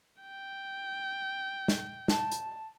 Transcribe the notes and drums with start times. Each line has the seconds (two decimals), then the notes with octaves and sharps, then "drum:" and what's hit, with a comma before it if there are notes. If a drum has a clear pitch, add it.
0.22 G5
1.68 drum: snare
2.08 A5, drum: snare
2.32 drum: hi-hat